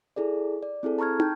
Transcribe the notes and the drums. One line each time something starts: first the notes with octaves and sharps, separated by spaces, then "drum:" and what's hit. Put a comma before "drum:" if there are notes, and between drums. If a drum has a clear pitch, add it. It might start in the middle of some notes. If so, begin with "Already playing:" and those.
E4 G#4 A4 D5
D5
C4 E4 G#4 A4
A5 A#5 C#6 F6 G#6
G5 A5 G6, drum: tom